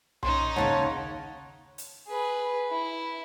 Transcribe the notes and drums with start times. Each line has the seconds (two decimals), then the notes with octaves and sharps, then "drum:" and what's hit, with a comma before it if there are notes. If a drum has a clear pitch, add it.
0.23 C#4 D#4 C6, drum: tom B1
0.56 D#2 A2 C#3 C#5 F#5 A5
1.78 drum: hi-hat
2.07 G#4 B4
2.70 E4